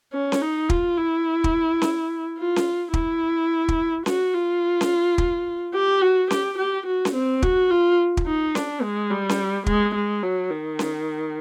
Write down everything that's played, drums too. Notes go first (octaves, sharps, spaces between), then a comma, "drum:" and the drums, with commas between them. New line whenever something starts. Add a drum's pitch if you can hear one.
C#4
drum: snare C#4
D#4
F4, drum: kick
E4
drum: kick
drum: snare C#4
F4
drum: snare C#4
E4, drum: kick
drum: kick
F#4, drum: snare C#4
F4
drum: snare C#4
drum: kick
G4
F#4
G4, drum: snare C#4
G4
F#4
drum: snare C#4
C4
F#4, drum: kick
F4
drum: kick
D#4
D4, drum: snare C#4
G#3
G3
drum: snare C#4
G#3, drum: kick
G#3
F#3
D#3
drum: snare C#4